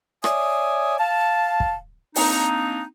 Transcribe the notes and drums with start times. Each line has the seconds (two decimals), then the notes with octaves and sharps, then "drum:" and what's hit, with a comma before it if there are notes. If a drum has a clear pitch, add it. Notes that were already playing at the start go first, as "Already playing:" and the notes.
0.24 C#5 D5 E5 G#5 D#6, drum: rim click
0.99 F5 A5
1.60 drum: kick
2.16 A#3 C4 D4 D#4, drum: open hi-hat